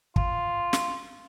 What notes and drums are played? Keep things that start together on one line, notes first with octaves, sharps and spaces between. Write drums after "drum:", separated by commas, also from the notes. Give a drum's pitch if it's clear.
F4, drum: kick
drum: snare